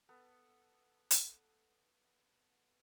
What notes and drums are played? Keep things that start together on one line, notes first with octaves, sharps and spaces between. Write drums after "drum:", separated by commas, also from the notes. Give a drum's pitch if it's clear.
B3 A4
drum: hi-hat